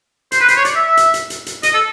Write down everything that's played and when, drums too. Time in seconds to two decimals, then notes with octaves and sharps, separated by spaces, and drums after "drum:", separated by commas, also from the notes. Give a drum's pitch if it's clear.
0.32 C5, drum: hi-hat
0.41 B4
0.48 C5, drum: hi-hat
0.56 C#5
0.65 D5, drum: hi-hat
0.75 E5
0.87 E5
0.97 drum: hi-hat
1.14 drum: hi-hat
1.30 drum: hi-hat
1.46 drum: hi-hat
1.63 D#5, drum: hi-hat
1.74 A4